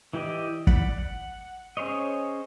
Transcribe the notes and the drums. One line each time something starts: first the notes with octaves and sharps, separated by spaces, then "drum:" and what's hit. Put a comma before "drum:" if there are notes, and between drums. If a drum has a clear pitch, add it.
E3 E4 G4 D5 D#5
D5 F#5 B5, drum: kick
F#5
C#4 G#4 C5 C#5 D#5